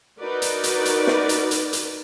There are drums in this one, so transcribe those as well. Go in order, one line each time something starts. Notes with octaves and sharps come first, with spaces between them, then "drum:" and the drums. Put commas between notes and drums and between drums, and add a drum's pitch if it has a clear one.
D#4 F#4 A#4 B4 D5
drum: hi-hat
drum: hi-hat
drum: hi-hat
drum: snare
drum: hi-hat
drum: hi-hat
drum: hi-hat